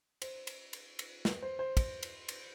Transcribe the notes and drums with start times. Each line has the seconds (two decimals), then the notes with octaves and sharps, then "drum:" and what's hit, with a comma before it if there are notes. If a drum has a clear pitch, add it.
0.22 C5, drum: cymbal
0.47 drum: cymbal
0.73 drum: cymbal
0.99 drum: cymbal
1.25 B4, drum: snare
1.42 C5
1.59 C5
1.77 drum: kick, cymbal
2.03 drum: cymbal
2.29 drum: cymbal